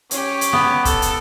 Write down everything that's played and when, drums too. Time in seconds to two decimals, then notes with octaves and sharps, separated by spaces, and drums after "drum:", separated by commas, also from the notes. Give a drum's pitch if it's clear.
0.11 C#4 G4, drum: hi-hat
0.41 drum: hi-hat
0.53 B3
0.85 A4, drum: kick, hi-hat
1.02 drum: hi-hat